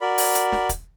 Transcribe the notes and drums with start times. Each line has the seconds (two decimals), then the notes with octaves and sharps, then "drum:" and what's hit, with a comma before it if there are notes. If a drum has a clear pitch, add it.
0.01 F#4 A#4 D5 B5
0.18 drum: open hi-hat
0.35 drum: hi-hat
0.52 drum: snare
0.69 drum: kick, hi-hat